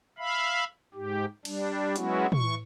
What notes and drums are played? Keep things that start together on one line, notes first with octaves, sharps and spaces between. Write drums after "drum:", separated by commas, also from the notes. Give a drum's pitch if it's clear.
E5 F5 B5
G#2 G4
G3 D4, drum: cymbal
F#3 G#3 B3 C#4 E4 F#4, drum: hi-hat
E3 C#6, drum: tom